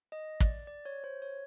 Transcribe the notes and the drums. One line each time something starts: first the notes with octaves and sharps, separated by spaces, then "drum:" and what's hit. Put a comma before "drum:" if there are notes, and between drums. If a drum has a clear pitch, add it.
D#5
D5, drum: kick
D5
C#5
C5
C#5